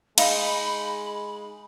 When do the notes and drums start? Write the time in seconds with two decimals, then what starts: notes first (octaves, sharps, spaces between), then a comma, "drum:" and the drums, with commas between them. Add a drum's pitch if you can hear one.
0.18 G#3 D#4 F5 B5, drum: cymbal